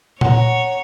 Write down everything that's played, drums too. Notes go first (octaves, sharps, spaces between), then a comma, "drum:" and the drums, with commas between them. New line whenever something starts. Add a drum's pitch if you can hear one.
C#5 F#5 A#5, drum: tom A#2